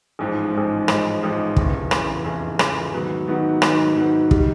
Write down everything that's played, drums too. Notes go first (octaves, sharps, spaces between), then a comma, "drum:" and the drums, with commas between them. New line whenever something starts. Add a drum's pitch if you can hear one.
A1 G#2 F3 G#3
A1 G#2 F3 G#3
A1 G#2 F3 G#3, drum: rim click
A1 G#2 F3 G#3
F1 E2 C#3 E3, drum: kick
F1 E2 C#3 E3, drum: rim click
F1 E2 C#3 E3
F1 E2 C#3 E3, drum: rim click
G#2 D#3 F#3 B3
G#2 D#3 F#3 B3
G#2 D#3 F#3 B3, drum: rim click
G#2 D#3 F#3 B3
D#3 G3, drum: kick